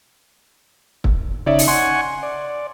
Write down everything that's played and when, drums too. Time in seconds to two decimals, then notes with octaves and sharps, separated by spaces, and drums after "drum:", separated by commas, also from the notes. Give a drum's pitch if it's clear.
1.04 drum: kick
1.46 C#3 D#4 C#5 D5 E5
1.59 drum: open hi-hat
1.68 F#5 G#5 C6 C#6
2.23 D5